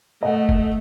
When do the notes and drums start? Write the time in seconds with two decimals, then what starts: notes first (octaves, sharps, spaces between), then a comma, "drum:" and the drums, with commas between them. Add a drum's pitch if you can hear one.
0.23 A3 D#5 F#5
0.49 drum: kick